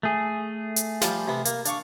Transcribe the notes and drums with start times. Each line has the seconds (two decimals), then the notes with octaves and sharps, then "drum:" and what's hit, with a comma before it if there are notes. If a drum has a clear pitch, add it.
0.03 A3 G#4
0.76 drum: hi-hat
1.01 F3 G3 F4, drum: snare
1.28 C3 B3
1.45 A#3, drum: hi-hat
1.65 D4 F5 C#6, drum: hi-hat